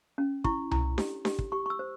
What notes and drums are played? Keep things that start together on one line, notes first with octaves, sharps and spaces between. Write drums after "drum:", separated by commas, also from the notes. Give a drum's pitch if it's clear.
C#4
E4 C#6, drum: kick
E4, drum: tom C2
G4, drum: snare D4
G4, drum: snare D4
drum: kick
G4 C#6
C#6
E6
C5